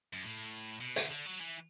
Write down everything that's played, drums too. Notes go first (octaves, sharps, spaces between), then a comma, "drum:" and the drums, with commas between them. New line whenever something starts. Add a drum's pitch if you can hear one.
F#2
A2
B2
D3, drum: hi-hat
D3
F#3
E3